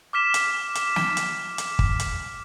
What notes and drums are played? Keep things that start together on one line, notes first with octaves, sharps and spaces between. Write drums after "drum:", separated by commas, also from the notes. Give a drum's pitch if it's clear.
D6 F6 B6 E7
drum: hi-hat
drum: hi-hat
drum: snare
drum: hi-hat
drum: hi-hat
drum: kick
drum: hi-hat